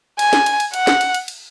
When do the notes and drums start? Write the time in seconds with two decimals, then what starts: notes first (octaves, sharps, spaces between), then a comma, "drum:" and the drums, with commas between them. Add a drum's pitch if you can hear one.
0.19 G#5, drum: cymbal
0.33 drum: snare
0.46 drum: cymbal
0.60 drum: cymbal
0.74 F#5, drum: cymbal
0.87 drum: snare
1.01 drum: cymbal
1.14 drum: cymbal
1.28 drum: cymbal